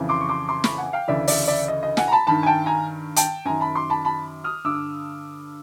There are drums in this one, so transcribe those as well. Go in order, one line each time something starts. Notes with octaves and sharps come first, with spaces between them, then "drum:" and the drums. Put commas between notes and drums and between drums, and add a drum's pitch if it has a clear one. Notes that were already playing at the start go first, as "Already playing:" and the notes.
Already playing: F2 C#3 E3
C6 D6
C#6
C6 D6
C6 D6
B5 C#6, drum: snare
F#5 G#5
F5 G5
D2 C#3 E3 D5 E5
D5 E5, drum: open hi-hat
D5 E5
D#5
D#5
F#5 G#5, drum: snare
A#5
A5 B5
G2 D#3 A5 B5
G#5
G5 A5
G#5 A#5
G5 A5, drum: hi-hat
F#2 D#3 G#5 A#5
A5 B5
C6 D6
A5 B5
A5 B5
D#6 F6
G2 D3 D6 E6